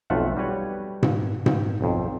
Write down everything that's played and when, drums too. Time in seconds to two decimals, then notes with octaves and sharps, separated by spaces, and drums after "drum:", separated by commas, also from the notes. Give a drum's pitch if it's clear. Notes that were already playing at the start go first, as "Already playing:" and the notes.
0.10 B1 F2 A3 F4 E5 F#5
0.37 G3 F#4 B4 C#5
1.03 drum: tom G#2
1.46 G5, drum: tom G#2
1.81 B1 F2